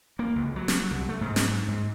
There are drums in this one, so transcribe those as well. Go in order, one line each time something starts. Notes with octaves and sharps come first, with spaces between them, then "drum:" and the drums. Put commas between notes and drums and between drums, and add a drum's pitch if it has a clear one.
A#3
C#2
F#3
drum: snare
C2
A3
G#2
drum: snare
G#2